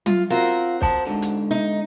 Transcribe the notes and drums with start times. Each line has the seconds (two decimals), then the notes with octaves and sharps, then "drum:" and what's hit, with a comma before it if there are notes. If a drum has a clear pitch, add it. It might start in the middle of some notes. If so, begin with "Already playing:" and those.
0.06 F4, drum: tom F#3
0.30 C4 F4 F#4 A#4
0.82 C5 A5, drum: kick
1.07 G#2 D3
1.22 drum: hi-hat
1.51 D#4